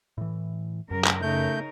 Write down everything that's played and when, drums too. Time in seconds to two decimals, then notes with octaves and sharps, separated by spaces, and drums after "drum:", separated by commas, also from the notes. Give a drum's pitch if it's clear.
0.18 A2 E3
0.91 F#2 C#3 F#3 A#4
1.04 drum: clap
1.22 C#3 A3 D#4 A#4 G6